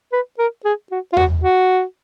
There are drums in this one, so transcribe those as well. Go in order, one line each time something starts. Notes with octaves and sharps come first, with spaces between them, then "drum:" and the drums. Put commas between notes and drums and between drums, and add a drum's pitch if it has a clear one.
B4
A#4
G#4
F#4
F4
F#4, drum: tom E2
F#4